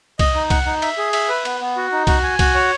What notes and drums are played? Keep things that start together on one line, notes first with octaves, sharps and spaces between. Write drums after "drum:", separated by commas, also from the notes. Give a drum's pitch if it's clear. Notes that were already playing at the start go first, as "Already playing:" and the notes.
D#5, drum: kick C2, cymbal
D#4
F#5, drum: kick C2, cymbal
D#4
E5, drum: cymbal
G#4
E5, drum: cymbal
B4
B3, drum: cymbal
B3
F#4
D#4
F#4, drum: kick C2, cymbal
G#5
F#4, drum: kick C2, cymbal
C#5